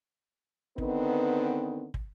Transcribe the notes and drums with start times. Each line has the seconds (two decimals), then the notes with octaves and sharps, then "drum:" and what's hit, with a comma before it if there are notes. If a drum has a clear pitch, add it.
0.78 D3 D#3 B3 C4 D#4 B4, drum: kick
1.94 drum: kick